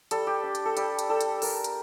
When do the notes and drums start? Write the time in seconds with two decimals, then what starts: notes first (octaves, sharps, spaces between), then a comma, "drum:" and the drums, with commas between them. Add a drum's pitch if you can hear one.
0.11 G3 A4, drum: hi-hat
0.27 G4
0.43 D4
0.55 drum: hi-hat
0.65 A4
0.77 G3 G4, drum: hi-hat
0.99 drum: hi-hat
1.09 G3 A4
1.21 drum: hi-hat
1.42 D4 A#4, drum: open hi-hat
1.64 drum: hi-hat